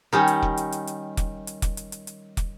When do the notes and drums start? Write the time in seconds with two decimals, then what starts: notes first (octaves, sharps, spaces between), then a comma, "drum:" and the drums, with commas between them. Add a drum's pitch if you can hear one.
0.13 D#3 G3 C#4
0.27 drum: hi-hat
0.42 drum: kick
0.57 drum: hi-hat
0.72 drum: hi-hat
0.87 drum: hi-hat
1.17 drum: kick, hi-hat
1.47 drum: hi-hat
1.62 drum: kick, hi-hat
1.77 drum: hi-hat
1.92 drum: hi-hat
2.07 drum: hi-hat
2.37 drum: kick, hi-hat